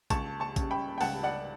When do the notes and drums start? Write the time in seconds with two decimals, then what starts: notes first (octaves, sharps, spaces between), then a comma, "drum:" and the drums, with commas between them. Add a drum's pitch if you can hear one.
0.10 C#2 A5 C#6, drum: kick A1, hi-hat
0.40 A5 C#6
0.56 C#3 G3, drum: kick A1, hi-hat
0.71 G5 B5
0.98 G5
1.01 C#2 F#5 A5, drum: open hi-hat
1.23 D5 F#5